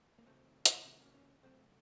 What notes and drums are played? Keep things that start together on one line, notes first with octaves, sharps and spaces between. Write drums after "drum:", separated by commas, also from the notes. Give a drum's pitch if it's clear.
A#3
C3 D#3 F#3 A3 C4
drum: hi-hat
C3 D#3 F#3 A3 C#4
D#4
A#3 C#4
A#3 C#4
C3 F#3 A3 C4